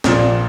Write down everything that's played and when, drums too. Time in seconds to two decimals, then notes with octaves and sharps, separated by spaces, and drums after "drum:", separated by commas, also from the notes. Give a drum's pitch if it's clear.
0.04 A#1 A#2 F3, drum: snare